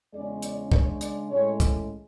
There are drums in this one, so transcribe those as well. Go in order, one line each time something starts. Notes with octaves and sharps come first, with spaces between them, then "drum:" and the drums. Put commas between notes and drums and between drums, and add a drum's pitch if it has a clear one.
E2 C#3 G#3 C#4 D5
D5, drum: hi-hat
C#3 G#3 D4 C#5, drum: kick
D5, drum: hi-hat
A2 G#3 C#4 C#5
drum: kick, hi-hat